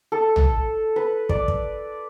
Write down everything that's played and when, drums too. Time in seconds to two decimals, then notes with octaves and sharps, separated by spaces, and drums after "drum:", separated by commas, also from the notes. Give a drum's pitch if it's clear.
0.12 A4
0.36 drum: tom A#1
0.96 B4
1.29 D5, drum: kick
1.48 drum: kick